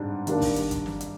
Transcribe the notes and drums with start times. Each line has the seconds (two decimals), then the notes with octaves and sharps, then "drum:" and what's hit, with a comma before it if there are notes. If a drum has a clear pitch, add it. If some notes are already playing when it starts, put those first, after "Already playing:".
Already playing: G#2 G3 D4
0.27 D#3 G3 A#3 D4, drum: hi-hat
0.41 drum: kick, open hi-hat
0.56 drum: hi-hat
0.71 drum: kick, hi-hat
0.86 drum: snare
1.01 drum: hi-hat